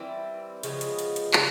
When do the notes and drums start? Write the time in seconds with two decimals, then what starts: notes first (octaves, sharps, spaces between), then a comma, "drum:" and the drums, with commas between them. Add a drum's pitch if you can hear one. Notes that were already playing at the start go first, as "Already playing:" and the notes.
Already playing: E3 G3 C4 E4
0.63 C#3 F3 G#3 B3, drum: hi-hat
0.81 drum: hi-hat
0.99 drum: hi-hat
1.16 drum: hi-hat
1.33 C#3 F3 F4, drum: clap